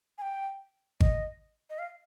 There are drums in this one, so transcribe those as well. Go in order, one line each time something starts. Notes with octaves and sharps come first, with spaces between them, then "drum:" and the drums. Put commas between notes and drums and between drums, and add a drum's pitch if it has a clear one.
G#5
G5
D#5, drum: kick G#1
D#5
F5